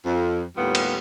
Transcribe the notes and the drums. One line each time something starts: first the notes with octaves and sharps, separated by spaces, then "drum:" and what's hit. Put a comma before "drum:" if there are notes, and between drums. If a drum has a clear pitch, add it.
F2
D#2 A2 G3 B3 F4
drum: cymbal